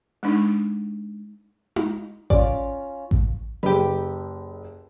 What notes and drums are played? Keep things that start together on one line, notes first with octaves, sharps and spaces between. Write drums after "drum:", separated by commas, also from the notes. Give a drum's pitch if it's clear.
G#3 D4 D#4
drum: tom D#4
C#4 F4 D5, drum: kick A1
drum: kick A1
F#1 G4 B4